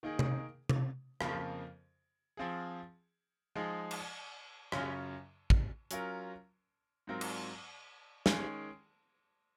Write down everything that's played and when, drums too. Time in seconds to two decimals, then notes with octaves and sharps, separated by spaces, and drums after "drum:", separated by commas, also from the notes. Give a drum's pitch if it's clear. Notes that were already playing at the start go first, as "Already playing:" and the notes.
0.03 D#3 A#3 D#4 G#4
0.19 drum: tom C3
0.69 drum: tom C3
1.21 F2 C#3 F3 A#3, drum: rim click
2.37 F3 C4 F4 G#4
3.55 F3 G#3 D#4 G#4
3.91 drum: cymbal
4.72 F#2 C#3 F#3 C#4 F4, drum: rim click
5.50 drum: kick
5.91 F#3 C#4 F4 A#4, drum: hi-hat
7.07 G#2 F#3 C4 F4 A#4
7.21 drum: cymbal
8.26 D#3 G#3 C#4 G#4, drum: snare